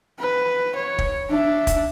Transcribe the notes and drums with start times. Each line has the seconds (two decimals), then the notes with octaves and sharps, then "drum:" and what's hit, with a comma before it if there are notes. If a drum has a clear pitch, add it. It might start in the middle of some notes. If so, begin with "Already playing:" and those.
0.20 B4
0.76 C#5
0.98 drum: kick
1.30 D4 E5
1.67 drum: kick, hi-hat